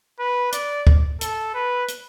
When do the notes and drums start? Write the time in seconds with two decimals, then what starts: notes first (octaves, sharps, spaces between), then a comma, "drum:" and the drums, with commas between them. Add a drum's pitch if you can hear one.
0.19 B4
0.52 D5, drum: hi-hat
0.87 drum: kick
1.21 A4, drum: hi-hat
1.54 B4
1.88 drum: hi-hat